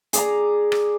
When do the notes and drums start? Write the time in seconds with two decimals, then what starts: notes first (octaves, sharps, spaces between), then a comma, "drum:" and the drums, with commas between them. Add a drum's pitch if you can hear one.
0.13 G#4 D5 A#5, drum: hi-hat
0.72 drum: rim click